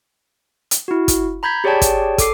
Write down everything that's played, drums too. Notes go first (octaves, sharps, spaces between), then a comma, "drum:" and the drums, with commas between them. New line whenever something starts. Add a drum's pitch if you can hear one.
drum: hi-hat
E4 F#4
drum: kick, hi-hat
A#5 B5 G6 G#6 B6
G4 G#4 C#5 D5 G5 A5
drum: kick, hi-hat
A4 D6 C7, drum: kick, hi-hat